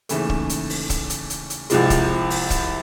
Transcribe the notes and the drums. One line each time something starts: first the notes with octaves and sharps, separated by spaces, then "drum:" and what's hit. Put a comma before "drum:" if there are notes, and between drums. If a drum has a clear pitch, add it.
D#2 C#3 E3 A3, drum: hi-hat
drum: kick
drum: hi-hat
drum: open hi-hat
drum: kick, hi-hat
drum: hi-hat
drum: hi-hat
drum: hi-hat
C2 C3 F3 G#3, drum: hi-hat
drum: kick, hi-hat
drum: open hi-hat
drum: kick, hi-hat